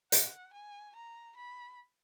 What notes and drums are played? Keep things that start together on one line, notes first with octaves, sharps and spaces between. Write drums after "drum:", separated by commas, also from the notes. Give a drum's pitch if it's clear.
F#5, drum: hi-hat
G#5
A#5
B5